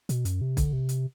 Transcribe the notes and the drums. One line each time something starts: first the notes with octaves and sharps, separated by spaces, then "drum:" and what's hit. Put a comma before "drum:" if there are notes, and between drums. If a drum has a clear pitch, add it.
B2, drum: hi-hat
F#2, drum: hi-hat
C3
D3, drum: kick, hi-hat
C3
drum: hi-hat